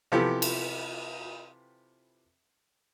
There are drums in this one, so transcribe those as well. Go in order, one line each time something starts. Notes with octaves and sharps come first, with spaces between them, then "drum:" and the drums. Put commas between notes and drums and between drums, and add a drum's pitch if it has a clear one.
C3 E3 F3 B3 G4 A4
drum: cymbal